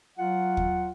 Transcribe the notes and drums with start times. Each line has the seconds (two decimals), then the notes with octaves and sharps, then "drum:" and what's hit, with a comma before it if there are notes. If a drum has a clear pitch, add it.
0.18 F#3 F4 F#5
0.57 drum: kick